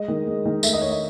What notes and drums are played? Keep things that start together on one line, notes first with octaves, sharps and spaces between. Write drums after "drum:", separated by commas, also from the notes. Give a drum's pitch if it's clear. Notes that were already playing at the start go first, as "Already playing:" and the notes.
Already playing: G#3 D#5
D#3
G#3
D#3
A3 E5, drum: tambourine
D#5
A3 C#5
D#5